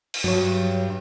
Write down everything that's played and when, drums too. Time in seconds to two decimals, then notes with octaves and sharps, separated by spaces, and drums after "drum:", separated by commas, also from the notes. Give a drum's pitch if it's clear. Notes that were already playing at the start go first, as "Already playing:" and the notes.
0.14 drum: cymbal
0.24 G2 F#3 C#5